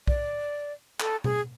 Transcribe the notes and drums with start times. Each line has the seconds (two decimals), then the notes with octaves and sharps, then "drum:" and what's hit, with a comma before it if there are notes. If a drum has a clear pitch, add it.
0.07 D5, drum: kick B1
1.00 A4, drum: clap
1.24 G#4, drum: tom B2